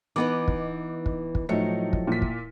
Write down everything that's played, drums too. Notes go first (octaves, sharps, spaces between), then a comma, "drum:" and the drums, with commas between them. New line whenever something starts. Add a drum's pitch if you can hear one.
E3 B3 D#4 B4 D6
drum: kick
drum: kick
drum: kick
A2 F3 F#3 A3 D#4 C#7
drum: kick
A#2 B6
drum: kick